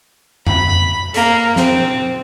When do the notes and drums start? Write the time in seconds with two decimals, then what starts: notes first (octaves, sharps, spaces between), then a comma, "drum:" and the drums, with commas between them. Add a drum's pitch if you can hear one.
0.47 B5, drum: tom F2
1.14 A#3, drum: hi-hat
1.56 C4, drum: snare